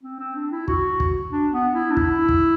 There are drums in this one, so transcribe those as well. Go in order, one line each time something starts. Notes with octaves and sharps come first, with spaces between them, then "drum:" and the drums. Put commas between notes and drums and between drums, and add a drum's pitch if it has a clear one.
C4
C4
D4
E4
F#4, drum: kick
drum: kick
D4
B3
E4
D4
E4, drum: kick
drum: kick